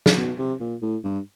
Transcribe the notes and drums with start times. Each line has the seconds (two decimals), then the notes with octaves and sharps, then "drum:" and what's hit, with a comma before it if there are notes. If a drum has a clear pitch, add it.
0.06 drum: snare
0.17 B2
0.38 C3
0.60 A#2
0.82 A2
1.04 G2